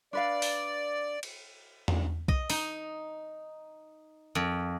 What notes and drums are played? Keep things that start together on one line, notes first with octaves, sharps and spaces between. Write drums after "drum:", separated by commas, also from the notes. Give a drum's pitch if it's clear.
D4 B4 D5 F5
drum: open hi-hat
drum: cymbal
drum: tom E2
D#5, drum: kick B1
D#4, drum: open hi-hat
F2